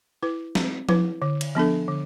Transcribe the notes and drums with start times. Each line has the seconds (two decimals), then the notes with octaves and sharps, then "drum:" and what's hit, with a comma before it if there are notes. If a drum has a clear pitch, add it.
0.23 E4 B4
0.55 C4, drum: snare
0.89 E4 B4, drum: tom F3
1.22 D3
1.41 drum: cymbal
1.55 F3 B3 D4 A4
1.88 D3